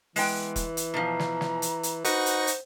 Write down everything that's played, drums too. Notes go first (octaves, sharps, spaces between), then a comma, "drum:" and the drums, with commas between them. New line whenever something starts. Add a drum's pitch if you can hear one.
E3 G#3 B3 G5, drum: open hi-hat
drum: kick E1, hi-hat
drum: hi-hat
B2 F3 A#5
drum: snare
drum: snare
drum: hi-hat
drum: hi-hat
D#4 F#4 B4 C5 F#5 C#6 A#6, drum: hi-hat
drum: hi-hat
drum: hi-hat